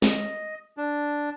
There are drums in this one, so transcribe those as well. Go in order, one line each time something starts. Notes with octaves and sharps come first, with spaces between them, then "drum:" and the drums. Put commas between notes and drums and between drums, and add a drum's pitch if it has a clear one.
D#5, drum: snare
D4